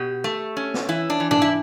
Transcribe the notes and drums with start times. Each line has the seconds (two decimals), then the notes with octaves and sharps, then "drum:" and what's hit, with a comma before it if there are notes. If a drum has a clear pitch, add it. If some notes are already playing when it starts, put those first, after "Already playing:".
Already playing: B2 G4
0.24 A3
0.57 C#4
0.74 drum: snare
0.89 E3 E4
1.10 D4
1.20 E3
1.31 D4, drum: tom G#2
1.42 E4